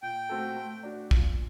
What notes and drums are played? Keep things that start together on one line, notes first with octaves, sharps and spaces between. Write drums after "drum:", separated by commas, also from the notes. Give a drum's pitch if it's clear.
A#2 G5
A3 C4 F#4 A4
A3
D4 F#4
A#2, drum: kick